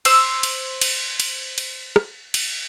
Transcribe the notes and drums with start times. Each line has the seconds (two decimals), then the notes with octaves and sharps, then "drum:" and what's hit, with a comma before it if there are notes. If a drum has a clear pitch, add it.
0.05 C5 E6, drum: cymbal
0.43 drum: cymbal
0.81 drum: cymbal
1.20 drum: cymbal
1.58 drum: cymbal
1.96 drum: rim click
2.34 drum: cymbal